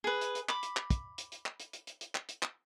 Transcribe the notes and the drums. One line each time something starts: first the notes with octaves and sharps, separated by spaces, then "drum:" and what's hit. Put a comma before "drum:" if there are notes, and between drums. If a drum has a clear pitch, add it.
G#4 B4
drum: hi-hat
drum: hi-hat
B5 D6, drum: clap
drum: hi-hat
drum: clap
drum: kick, hi-hat
drum: hi-hat
drum: hi-hat
drum: clap
drum: hi-hat
drum: hi-hat
drum: hi-hat
drum: hi-hat
drum: clap
drum: hi-hat
drum: clap